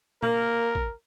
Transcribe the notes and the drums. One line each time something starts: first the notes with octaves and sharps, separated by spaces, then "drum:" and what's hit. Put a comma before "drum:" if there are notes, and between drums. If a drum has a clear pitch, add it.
A#3 A#4, drum: tom A#2
drum: kick